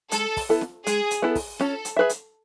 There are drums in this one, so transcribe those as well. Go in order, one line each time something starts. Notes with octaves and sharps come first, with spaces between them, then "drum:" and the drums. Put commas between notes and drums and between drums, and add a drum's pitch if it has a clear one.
G#3 A4, drum: hi-hat
drum: kick, open hi-hat
B3 E4 A4
drum: snare
G#3 G#4, drum: hi-hat
drum: hi-hat
B3 E4 A4
drum: kick, open hi-hat
C#4 A4, drum: snare
drum: hi-hat
G#4 B4 E5
drum: hi-hat